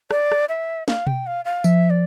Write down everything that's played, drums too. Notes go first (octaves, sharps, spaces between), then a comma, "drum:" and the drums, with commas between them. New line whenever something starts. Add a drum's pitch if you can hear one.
D5, drum: rim click
drum: rim click
E5
F5, drum: snare
G5, drum: tom B2
F5
F5
F3 E5, drum: tambourine
D5